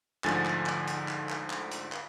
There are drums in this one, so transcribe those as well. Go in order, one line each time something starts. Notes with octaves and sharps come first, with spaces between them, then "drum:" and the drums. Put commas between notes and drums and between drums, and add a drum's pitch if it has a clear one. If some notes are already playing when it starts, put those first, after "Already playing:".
D2 G#2 D3 F3 G#5 A6, drum: clap
drum: clap
drum: clap
drum: hi-hat
drum: clap
drum: clap
drum: clap
drum: hi-hat
drum: clap